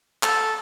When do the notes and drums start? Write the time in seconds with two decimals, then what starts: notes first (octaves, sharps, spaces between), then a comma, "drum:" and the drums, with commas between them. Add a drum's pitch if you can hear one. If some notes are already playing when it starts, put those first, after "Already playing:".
0.23 A4, drum: clap